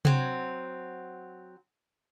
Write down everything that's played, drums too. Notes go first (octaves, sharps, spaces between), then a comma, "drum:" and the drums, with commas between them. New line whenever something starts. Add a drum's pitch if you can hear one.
F#3 C4, drum: tom C3